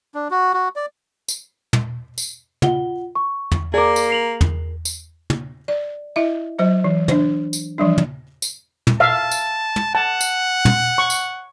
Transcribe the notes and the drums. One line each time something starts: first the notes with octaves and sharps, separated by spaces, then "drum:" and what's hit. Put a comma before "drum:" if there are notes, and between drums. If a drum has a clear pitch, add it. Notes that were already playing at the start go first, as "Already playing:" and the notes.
D4
F#4
F#4
D5
drum: tambourine
drum: tom
drum: tambourine
F4 F#5 G7, drum: tom
C#6
drum: tom
A#3 G#4 A#4 D5 D6
drum: tambourine
C7 F7 F#7
drum: tom
drum: tambourine
drum: tom
D5
E4 D#5 E5
F#3 C5 D#5
E3
D4 C5, drum: tom
drum: tambourine
E3 F3 G3 D4
drum: tom
drum: tambourine
drum: tom
E5 F5 A5
drum: tambourine
drum: tom
F#5 A5
drum: tambourine
drum: tom
C#6
drum: tambourine